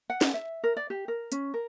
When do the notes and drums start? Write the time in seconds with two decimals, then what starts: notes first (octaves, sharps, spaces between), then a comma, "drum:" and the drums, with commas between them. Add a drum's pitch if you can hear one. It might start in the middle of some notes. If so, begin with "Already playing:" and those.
0.10 F#5
0.21 drum: snare
0.34 E5
0.64 A#4
0.77 D5
0.90 G4
1.08 A#4
1.32 C#4, drum: hi-hat
1.54 A#4